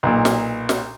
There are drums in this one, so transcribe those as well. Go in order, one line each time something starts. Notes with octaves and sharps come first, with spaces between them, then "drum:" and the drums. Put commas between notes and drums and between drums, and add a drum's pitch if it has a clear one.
B1 A#2
drum: snare
drum: snare